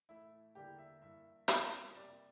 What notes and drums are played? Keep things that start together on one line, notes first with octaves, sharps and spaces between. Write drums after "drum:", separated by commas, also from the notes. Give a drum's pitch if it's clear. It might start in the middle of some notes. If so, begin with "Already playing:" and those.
A2 E3 A3 E4
E2 D3 G3 A#3 G4
E5
G2 E3 A#3 E5
F2 E3 A#3, drum: hi-hat
C3 G3 A#3 D5